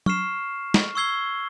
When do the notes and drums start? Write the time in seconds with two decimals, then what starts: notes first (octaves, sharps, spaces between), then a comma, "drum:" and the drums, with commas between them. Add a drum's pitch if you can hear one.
0.06 C#6 F6 C7 E7, drum: tom F#3
0.74 drum: snare
0.95 C#6 E6 G#6 C7 G7